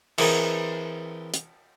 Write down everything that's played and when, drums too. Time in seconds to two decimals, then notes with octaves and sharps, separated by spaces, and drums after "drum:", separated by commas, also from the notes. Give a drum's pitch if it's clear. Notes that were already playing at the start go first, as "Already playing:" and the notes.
0.18 E3 C4 G#4 A#4 B4 D#5, drum: cymbal
1.34 drum: hi-hat